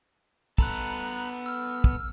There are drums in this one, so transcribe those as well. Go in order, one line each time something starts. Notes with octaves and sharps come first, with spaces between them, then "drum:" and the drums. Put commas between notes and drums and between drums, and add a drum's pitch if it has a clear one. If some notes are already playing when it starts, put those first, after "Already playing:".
B3 A4 A#5 B5 F#6, drum: kick
E6 F6
drum: kick